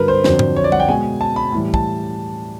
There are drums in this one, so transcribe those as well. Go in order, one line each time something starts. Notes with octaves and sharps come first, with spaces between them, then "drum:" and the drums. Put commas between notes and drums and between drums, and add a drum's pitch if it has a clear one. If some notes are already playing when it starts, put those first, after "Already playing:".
Already playing: G2 D3 F#3 A#4 B4
C5
F2 D3 F#3 C5, drum: snare
drum: tom
C#5
D5
F#5, drum: tom
G5
B2 G#3 G#5
A5
B5
A2 E3 G3
A5, drum: kick